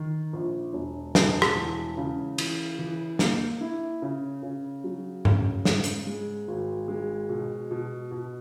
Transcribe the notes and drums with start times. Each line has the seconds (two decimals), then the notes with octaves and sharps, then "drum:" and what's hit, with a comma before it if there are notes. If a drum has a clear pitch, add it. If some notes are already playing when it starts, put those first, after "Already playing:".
Already playing: D#3
0.33 A#1
0.73 E1
1.15 E1, drum: snare
1.42 drum: rim click
1.56 E3
1.97 C#3
2.38 E3, drum: cymbal
2.79 E3
3.19 A#3, drum: snare
3.61 E4
4.02 C#3
4.43 C#3
4.84 F#3
5.25 C#3, drum: tom G2
5.65 G#2, drum: snare
5.84 drum: hi-hat
6.07 G#3
6.48 G#1
6.88 G#3
7.29 B2
7.71 B2
8.11 B2